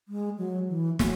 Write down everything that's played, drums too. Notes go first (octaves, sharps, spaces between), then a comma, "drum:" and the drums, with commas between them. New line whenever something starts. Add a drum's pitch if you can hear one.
G#3
F#3
E3
F#3, drum: snare